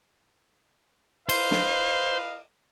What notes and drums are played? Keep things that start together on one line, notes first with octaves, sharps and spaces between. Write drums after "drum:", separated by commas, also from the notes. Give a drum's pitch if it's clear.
B4 C5 D#5 F5, drum: cymbal
drum: snare